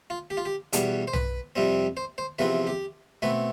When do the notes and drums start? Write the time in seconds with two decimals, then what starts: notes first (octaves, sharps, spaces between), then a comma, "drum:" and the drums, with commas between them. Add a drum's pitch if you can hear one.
0.10 F4
0.30 G4
0.37 F4
0.46 G4
0.73 E2 B2 G3, drum: hi-hat
1.08 C5
1.13 B4, drum: tom
1.56 F2 C3 G3 C4
1.97 C5
2.18 C5
2.39 E2 C3 F3 C4 B4
2.67 G4
3.22 B2 A3 C4 B4